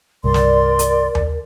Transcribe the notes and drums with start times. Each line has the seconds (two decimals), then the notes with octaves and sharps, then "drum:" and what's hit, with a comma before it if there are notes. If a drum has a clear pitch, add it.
0.24 C2 G2 A#4 D5 C6
0.34 drum: snare
0.79 drum: hi-hat
1.15 drum: tom D#2